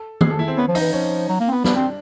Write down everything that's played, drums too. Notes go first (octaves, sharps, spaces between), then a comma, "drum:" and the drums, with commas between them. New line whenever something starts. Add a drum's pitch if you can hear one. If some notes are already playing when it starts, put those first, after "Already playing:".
Already playing: A4
G#4, drum: tom D#3
A4
E4
C4
B3 C#4
F3
D#4, drum: open hi-hat
E3
F3 C#4
F#3
A#3
C4
B3
B3 D4, drum: snare
C4